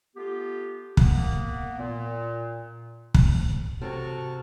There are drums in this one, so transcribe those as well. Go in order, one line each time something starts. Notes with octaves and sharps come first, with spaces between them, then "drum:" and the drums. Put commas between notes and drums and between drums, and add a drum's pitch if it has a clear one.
A3 B3 F4 G4
A#3 B3, drum: kick
A#2
drum: kick
C3 F#4 A4 A5 F6